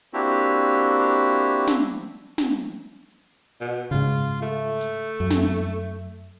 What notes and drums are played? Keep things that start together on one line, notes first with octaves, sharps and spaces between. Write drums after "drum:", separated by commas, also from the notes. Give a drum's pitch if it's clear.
A#3 C4 D4 E4 F#4 G4
drum: snare
drum: snare
B2
G#2 C#3 F4
A3
drum: hi-hat
F#2
drum: snare